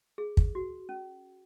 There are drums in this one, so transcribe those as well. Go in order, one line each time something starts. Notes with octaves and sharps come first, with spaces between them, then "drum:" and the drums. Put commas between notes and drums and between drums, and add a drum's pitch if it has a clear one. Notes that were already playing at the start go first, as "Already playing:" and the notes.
G#4
drum: kick
F#4
C#4